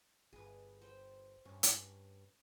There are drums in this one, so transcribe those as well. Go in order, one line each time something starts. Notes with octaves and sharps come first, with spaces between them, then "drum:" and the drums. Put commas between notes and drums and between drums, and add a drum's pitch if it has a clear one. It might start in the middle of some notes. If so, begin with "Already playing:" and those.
G1 G#4 B4
C5 G5
G2 C#4
drum: hi-hat